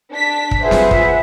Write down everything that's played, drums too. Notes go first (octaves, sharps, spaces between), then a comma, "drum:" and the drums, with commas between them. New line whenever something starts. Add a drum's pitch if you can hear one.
D4 B6
drum: kick
F4 G#4 B4 C5 E5 F#5
drum: snare
drum: kick